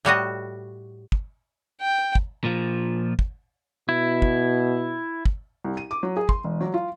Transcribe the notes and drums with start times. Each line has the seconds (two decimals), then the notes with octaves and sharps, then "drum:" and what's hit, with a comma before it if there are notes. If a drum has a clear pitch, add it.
0.05 A2 G3 F#4 D#5
1.12 drum: kick
1.81 G5
2.15 drum: kick
2.44 A#2 F3
3.19 drum: kick
3.89 B2 E4
4.22 drum: kick
5.25 drum: kick
5.64 C2
5.77 D#7
5.91 D6
6.03 F#3
6.17 G#4
6.29 C6, drum: kick
6.44 E1
6.61 F#3
6.74 F4